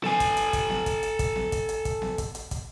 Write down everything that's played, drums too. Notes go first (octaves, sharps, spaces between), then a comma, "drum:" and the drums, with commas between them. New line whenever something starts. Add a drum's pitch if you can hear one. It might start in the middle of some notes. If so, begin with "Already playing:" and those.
A4 G#5, drum: snare B3
drum: kick, hi-hat
drum: hi-hat
drum: kick, hi-hat
drum: snare B3
drum: kick, hi-hat
drum: hi-hat
drum: kick, hi-hat
drum: snare B3
drum: kick, hi-hat
drum: hi-hat
drum: kick, hi-hat
drum: snare B3
drum: kick, hi-hat
drum: hi-hat
drum: kick, hi-hat